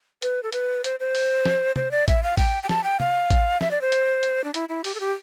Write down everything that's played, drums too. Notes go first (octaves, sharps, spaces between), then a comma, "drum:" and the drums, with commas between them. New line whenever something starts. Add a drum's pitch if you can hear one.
B4, drum: hi-hat
A4
B4, drum: hi-hat
C5, drum: hi-hat
C5
drum: open hi-hat
drum: snare
C5, drum: tom
D5
E5, drum: kick A1, hi-hat
F5
G5, drum: kick A1, open hi-hat
G5
A5, drum: snare
G5
F5, drum: tom
drum: kick A1, hi-hat
E5, drum: snare
D5
C5
drum: hi-hat
drum: hi-hat
D4
E4, drum: hi-hat
E4
G4, drum: open hi-hat
A4
G4